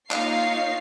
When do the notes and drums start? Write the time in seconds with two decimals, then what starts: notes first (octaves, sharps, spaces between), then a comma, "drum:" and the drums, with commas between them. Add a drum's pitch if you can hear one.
0.11 A#3 D#4 F4 C#5 F5 C7, drum: clap